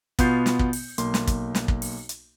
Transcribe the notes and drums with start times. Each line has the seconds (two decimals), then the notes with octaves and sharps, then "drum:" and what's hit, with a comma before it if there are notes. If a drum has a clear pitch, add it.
0.19 B2 B3 F4 G6 C7, drum: kick, hi-hat
0.46 drum: snare
0.59 drum: kick
0.73 drum: open hi-hat
0.98 B1 A#3 C6, drum: hi-hat
1.14 drum: snare
1.27 drum: kick, hi-hat
1.55 drum: snare
1.68 drum: kick
1.82 drum: open hi-hat
2.09 drum: hi-hat